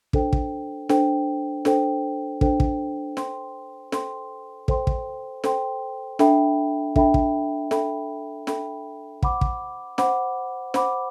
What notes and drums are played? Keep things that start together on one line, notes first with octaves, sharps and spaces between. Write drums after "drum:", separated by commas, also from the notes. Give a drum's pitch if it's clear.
D4 A4 C5 G5, drum: kick
drum: kick
D4 A4 C5 G5, drum: snare
D4 A4 C5 G5, drum: snare
D4 A4 C5 G5, drum: kick
drum: kick
A4 C5 G5 C6, drum: snare
A4 C5 G5 C6, drum: snare
A4 C5 G5 C6, drum: kick
drum: kick
A4 C5 G5 C6, drum: snare
D4 A4 E5 G5 B5, drum: snare
D4 A4 E5 G5 B5, drum: kick
drum: kick
D4 A4 E5 G5 B5, drum: snare
D4 A4 E5 G5 B5, drum: snare
C5 F#5 B5 D6, drum: kick
drum: kick
C5 F#5 B5 D6, drum: snare
C5 F#5 B5 D6, drum: snare